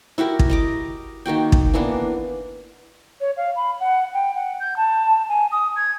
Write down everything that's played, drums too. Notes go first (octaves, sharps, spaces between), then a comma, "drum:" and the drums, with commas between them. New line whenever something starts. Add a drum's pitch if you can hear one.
E4 F#4 G4 A#4
drum: kick
D#5 A#5 D6
D#3 A#3 F#4 G5
drum: kick
E3 A#3 B3 D4
C#5
F5
B5
F#5
G5
F#5
G6
A5
G#5
D#6
G#6